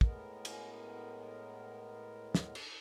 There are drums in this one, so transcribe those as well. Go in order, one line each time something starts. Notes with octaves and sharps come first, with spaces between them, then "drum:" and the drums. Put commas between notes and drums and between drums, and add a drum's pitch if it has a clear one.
A2 G#3 B3 A#4, drum: kick
drum: cymbal
drum: snare
drum: cymbal